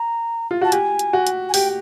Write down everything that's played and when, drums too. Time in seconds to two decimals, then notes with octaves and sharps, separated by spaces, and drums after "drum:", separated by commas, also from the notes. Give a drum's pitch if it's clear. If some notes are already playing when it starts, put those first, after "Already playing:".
Already playing: A#5
0.51 F4
0.61 F#4 A5
0.72 G4 G#5, drum: hi-hat
0.99 drum: hi-hat
1.13 F#4
1.27 drum: hi-hat
1.49 G#5
1.54 G4 G5, drum: open hi-hat